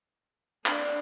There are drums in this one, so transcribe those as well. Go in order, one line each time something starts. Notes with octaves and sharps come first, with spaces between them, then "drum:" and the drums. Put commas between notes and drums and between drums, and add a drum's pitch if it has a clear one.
D4, drum: clap